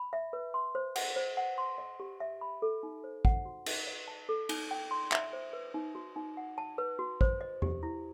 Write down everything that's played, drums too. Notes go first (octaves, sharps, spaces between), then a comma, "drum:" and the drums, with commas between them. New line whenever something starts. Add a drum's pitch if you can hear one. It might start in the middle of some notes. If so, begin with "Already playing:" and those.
Already playing: B5
E5
B4
C6
C5
F#5, drum: cymbal
C5
F#5
C6
D#5
G4
E5
B5
A4
D#4
C5
F#5, drum: kick
F#4
D#4, drum: cymbal
D#5
A5
A4
D#4, drum: cymbal
G5
C6
E5, drum: clap
C5
B4
D#4
F#4
D#4
F#5
A5
B4
F#4
C5, drum: kick
D#5
G4, drum: tom E2
E4